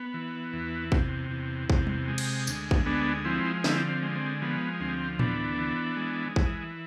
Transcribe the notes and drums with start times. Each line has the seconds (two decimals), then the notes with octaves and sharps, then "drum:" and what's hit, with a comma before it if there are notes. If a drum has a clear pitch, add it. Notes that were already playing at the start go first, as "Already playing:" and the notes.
Already playing: B3
0.14 E3
0.53 E2
0.92 C3, drum: kick A#1
1.31 E2
1.70 C3, drum: kick A#1
1.87 drum: tom G3
2.08 G#3
2.18 drum: cymbal
2.47 D2, drum: tambourine
2.71 drum: kick A#1
2.86 G#3 B3 D4
3.25 F3 C4 E4
3.64 D3 C4 E4, drum: snare
3.89 C4
4.02 G#3
4.16 C4
4.42 F3 B3
4.80 D2 C4
5.19 E3 B3 D4, drum: tom A2
5.58 E3
5.97 G#3
6.36 E3, drum: kick A#1